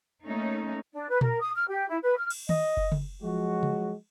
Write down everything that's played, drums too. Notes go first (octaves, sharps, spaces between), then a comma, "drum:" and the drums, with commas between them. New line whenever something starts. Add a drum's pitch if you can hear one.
A3 A#3 C#4 D#4
D4
B4
A#4, drum: tom A#2
D#6
F6
G4
E4
B4
F6
drum: cymbal
D#5, drum: tom D#3
drum: kick F#1
drum: tom
F3 F#3 G#3 F#4
drum: tom